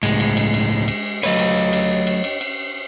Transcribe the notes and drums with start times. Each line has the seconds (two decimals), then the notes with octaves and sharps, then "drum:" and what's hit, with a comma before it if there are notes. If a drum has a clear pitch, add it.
0.03 C#2 A2 G#3, drum: cymbal
0.20 drum: cymbal
0.37 drum: cymbal
0.54 drum: cymbal
0.88 drum: cymbal
1.23 F#3 A3 B4 C#5 D#5, drum: cymbal
1.39 drum: cymbal
1.73 drum: cymbal
2.07 drum: cymbal
2.24 drum: cymbal
2.41 drum: cymbal